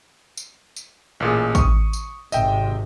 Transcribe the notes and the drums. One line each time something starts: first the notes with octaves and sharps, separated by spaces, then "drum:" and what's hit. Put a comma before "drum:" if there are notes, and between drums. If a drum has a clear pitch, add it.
drum: tambourine
drum: tambourine
A1 A#2 G#4
C#6 D#6, drum: kick, tambourine
drum: tambourine
G#1 C3 D#5 E5 G5, drum: tambourine